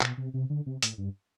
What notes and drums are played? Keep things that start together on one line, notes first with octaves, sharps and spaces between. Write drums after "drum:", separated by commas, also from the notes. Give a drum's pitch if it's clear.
B2, drum: clap
C3
C3
D3
C3
A2, drum: hi-hat
G2